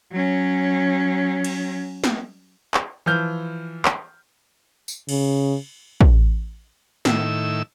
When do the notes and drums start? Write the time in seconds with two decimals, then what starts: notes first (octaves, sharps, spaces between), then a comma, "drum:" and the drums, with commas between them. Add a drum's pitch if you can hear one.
0.12 F#3 C#4
1.44 drum: cymbal
2.04 drum: snare
2.74 drum: clap
3.06 E3 F3 F6 G6
3.85 drum: clap
4.88 drum: tambourine
5.09 C#3, drum: cymbal
6.01 drum: kick
7.05 A2 D#3 E4 E6, drum: snare